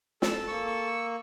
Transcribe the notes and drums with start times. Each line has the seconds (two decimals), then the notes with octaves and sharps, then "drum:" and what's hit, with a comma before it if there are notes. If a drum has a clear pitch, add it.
0.22 A4 E6, drum: snare
0.48 A#3 C#6 E6
0.66 C#6 E6